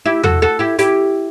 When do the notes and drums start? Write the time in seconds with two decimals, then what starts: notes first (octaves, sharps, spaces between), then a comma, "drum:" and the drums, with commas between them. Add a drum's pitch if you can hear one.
0.06 E4 G4
0.24 F#4 A4, drum: tom
0.42 F#4 A4
0.59 E4 G4
0.79 E4 G4, drum: hi-hat